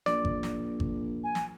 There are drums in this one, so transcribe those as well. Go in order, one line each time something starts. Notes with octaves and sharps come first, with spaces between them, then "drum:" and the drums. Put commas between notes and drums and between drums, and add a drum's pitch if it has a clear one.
A#1 D5, drum: snare
drum: kick G#1
drum: snare
drum: kick G#1
G#5
drum: snare